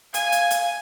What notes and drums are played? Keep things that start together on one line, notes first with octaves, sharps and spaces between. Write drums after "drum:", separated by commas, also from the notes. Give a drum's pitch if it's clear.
F5 G#5, drum: hi-hat
drum: hi-hat
drum: hi-hat